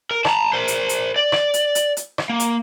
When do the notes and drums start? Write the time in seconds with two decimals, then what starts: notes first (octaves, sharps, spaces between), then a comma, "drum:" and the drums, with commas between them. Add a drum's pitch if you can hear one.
0.11 A#4
0.25 A5 A#5, drum: rim click
0.53 A#4 C5
0.68 drum: hi-hat
0.89 drum: hi-hat
1.16 D5
1.32 drum: rim click
1.54 drum: hi-hat
1.75 drum: hi-hat
1.97 drum: hi-hat
2.18 drum: rim click
2.30 A#3
2.40 drum: hi-hat